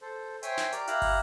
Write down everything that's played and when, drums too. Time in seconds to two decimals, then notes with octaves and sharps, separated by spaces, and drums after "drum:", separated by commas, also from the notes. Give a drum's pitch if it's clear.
0.01 A4 C5
0.43 C5 C#5 E5 G5 G#5 C6, drum: hi-hat
0.57 drum: snare
0.72 G4 A#4 D5 D6, drum: hi-hat
0.87 E4 G4 F5 A#5 E6 F#6, drum: hi-hat
1.02 drum: kick, open hi-hat